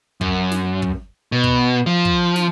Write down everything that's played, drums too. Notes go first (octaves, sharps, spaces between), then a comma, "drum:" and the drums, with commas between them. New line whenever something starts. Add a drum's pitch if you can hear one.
F#2, drum: kick
drum: snare
drum: kick
B2
drum: kick
F3
drum: kick
drum: snare